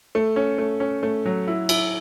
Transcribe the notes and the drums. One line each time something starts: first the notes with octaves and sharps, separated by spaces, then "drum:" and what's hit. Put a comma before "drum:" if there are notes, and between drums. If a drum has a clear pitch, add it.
A3
C#4
A3
C#4
A3
F#3
E4
E4, drum: cymbal